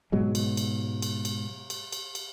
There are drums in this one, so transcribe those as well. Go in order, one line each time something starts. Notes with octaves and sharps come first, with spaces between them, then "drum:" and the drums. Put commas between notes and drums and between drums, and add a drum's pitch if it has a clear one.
G#2 B2 F#3 G#3
drum: cymbal
drum: cymbal
drum: cymbal
drum: cymbal
drum: cymbal
drum: cymbal
drum: cymbal